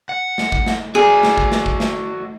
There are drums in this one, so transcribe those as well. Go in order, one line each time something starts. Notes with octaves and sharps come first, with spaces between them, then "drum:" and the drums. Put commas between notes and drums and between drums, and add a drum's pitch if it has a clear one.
F#5
drum: snare
drum: kick G#1
drum: snare
F#4 G#4 D5
drum: snare
drum: kick G#1
drum: snare
drum: kick G#1
drum: snare